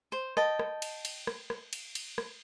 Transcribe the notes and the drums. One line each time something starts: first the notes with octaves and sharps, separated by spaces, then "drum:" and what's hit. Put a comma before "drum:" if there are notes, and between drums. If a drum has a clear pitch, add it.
C5
D#5 G5 A5, drum: rim click
drum: rim click
drum: cymbal
drum: cymbal
drum: rim click
drum: rim click
drum: cymbal
drum: cymbal
drum: rim click